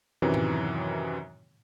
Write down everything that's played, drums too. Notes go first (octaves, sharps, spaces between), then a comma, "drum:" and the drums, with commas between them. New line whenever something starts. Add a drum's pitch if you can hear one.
F#2 C3 D#3 E3 F#3
drum: tom A2